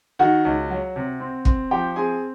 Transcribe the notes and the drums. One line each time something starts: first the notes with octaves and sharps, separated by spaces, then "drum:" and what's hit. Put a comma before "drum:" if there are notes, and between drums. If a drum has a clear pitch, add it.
D#3 F#4 F#5
C#2
F#3
C3
C4
C4, drum: kick
F3 G4 G5
C4 G#4 G#5